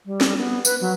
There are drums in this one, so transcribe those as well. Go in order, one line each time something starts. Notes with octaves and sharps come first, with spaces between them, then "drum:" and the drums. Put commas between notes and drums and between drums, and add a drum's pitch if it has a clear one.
G3
drum: snare
B3
B4, drum: tambourine
F#3